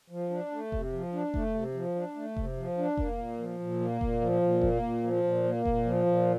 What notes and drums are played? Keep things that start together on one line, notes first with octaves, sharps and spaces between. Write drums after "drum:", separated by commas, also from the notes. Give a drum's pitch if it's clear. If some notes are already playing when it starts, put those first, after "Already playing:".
F3
D4
A3
C3, drum: kick F1
F3
D4
A3, drum: kick F1
C3
F3
D4
A3
C3, drum: kick F1
F3
D4
A#3, drum: kick F1
A#2
F3
A#2
A#3
A#2, drum: kick F1
F3
A#2
A#3, drum: kick F1
A#2
F3
A#2
A#3
A#2, drum: kick F1
F3
A#2